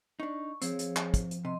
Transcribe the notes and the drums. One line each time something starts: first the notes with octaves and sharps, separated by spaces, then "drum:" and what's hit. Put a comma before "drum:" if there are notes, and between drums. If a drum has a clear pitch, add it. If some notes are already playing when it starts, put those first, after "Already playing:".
D4 D#4 C#6
F3 C4 G#4 C#5, drum: hi-hat
drum: hi-hat
drum: clap
drum: kick, hi-hat
drum: hi-hat
C3 D#5 C6